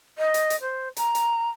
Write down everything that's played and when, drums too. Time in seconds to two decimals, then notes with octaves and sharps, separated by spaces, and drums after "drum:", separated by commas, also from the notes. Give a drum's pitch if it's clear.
0.18 D#5
0.34 drum: hi-hat
0.50 drum: hi-hat
0.61 C5
0.97 A#5, drum: hi-hat
1.15 drum: hi-hat